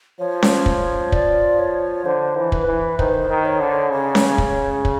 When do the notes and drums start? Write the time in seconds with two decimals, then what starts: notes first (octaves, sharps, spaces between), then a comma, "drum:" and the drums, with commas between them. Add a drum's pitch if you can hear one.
0.19 F3 C#5
0.42 drum: snare C#4
0.66 drum: kick
1.12 D5, drum: kick
1.59 C#5
2.05 D3 C5
2.37 E3
2.52 B4, drum: kick
2.67 E3
2.99 D#3 C5, drum: kick
3.29 D#3
3.45 C#5
3.61 D3
3.91 C#3 C#5
4.15 drum: snare C#4
4.38 drum: kick
4.85 drum: kick